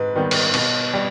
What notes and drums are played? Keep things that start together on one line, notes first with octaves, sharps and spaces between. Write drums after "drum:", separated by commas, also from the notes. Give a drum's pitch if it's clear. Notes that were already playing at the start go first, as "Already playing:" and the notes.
Already playing: G#2 B4
D#3 G3 B3
drum: cymbal
B2, drum: cymbal
G3